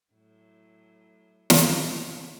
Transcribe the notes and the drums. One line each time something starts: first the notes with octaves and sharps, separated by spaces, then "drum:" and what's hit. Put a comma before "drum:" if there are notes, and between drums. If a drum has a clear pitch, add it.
A2 F#3
drum: snare